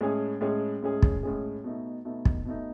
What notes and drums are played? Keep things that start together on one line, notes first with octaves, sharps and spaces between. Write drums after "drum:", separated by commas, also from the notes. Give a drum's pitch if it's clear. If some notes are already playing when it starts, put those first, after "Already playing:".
A2 G#3 C#4 G#4
A2 G#3 C#4 G#4
A2 G#3 C#4 G#4
drum: kick
A2 G#3 C#4 G#4
B2 A3 D#4
B2 A3 D#4
drum: kick
B2 A3 D#4